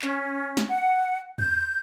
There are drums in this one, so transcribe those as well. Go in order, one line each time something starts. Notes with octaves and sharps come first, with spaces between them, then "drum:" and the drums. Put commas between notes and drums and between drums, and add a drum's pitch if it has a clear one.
C#4, drum: clap
drum: snare
F#5
G6, drum: tom E2